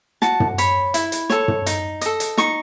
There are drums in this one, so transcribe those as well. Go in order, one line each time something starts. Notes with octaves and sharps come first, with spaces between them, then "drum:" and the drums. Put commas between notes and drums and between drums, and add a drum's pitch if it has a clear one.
F#4 A5, drum: snare
drum: tom
C#5 B5, drum: hi-hat
E4, drum: hi-hat
drum: hi-hat
A4 C#5, drum: snare
drum: tom
D#4, drum: hi-hat
A4 D#5, drum: hi-hat
drum: hi-hat
D#4 C#6, drum: snare